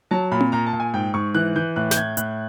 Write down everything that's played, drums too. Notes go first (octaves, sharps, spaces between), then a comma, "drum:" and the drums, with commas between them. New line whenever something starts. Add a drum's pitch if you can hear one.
F#3 A5
A#2 B5
drum: tom C4
A#2 A#5
A5
A#2
G#5
G#2 G5
G#2 C#6
E3 F#6
E3 G6
A2 F#6
G6, drum: snare
A2 G#6
A2 F#6, drum: hi-hat